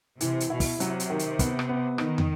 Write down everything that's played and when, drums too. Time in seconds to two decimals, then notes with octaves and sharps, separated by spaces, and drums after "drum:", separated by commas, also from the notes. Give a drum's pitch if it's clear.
0.20 C3 E3, drum: hi-hat
0.40 drum: hi-hat
0.50 B2 E4
0.60 drum: kick, open hi-hat
0.80 C3 F#3, drum: hi-hat
1.00 drum: hi-hat
1.10 D#3
1.19 drum: hi-hat
1.39 B3, drum: kick, hi-hat
1.59 drum: rim click
1.69 B3
1.98 D#3 D#4, drum: rim click
2.18 drum: tom